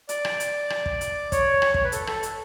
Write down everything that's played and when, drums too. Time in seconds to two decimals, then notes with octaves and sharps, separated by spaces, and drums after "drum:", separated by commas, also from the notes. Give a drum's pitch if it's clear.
0.09 D5, drum: hi-hat
0.25 drum: rim click
0.40 drum: hi-hat
0.70 drum: rim click
0.86 drum: kick
1.01 drum: hi-hat
1.32 C#5, drum: kick, hi-hat
1.62 drum: rim click
1.74 C#5, drum: kick
1.84 B4
1.92 A4, drum: hi-hat
2.07 A4, drum: rim click
2.23 drum: hi-hat